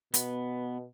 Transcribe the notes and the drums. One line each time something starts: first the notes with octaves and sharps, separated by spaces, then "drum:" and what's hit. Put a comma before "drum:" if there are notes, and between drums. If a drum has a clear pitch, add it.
B2 B3, drum: hi-hat